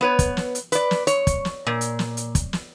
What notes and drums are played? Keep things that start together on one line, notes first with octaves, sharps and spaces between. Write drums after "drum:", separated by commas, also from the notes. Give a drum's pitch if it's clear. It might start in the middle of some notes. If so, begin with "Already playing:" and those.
B3 B4 C#5
drum: kick, hi-hat
drum: snare
drum: hi-hat
B4 D5, drum: hi-hat
drum: snare
C#5, drum: hi-hat
drum: kick, hi-hat
drum: snare
A#2
drum: hi-hat
drum: snare
drum: hi-hat
drum: kick, hi-hat
drum: snare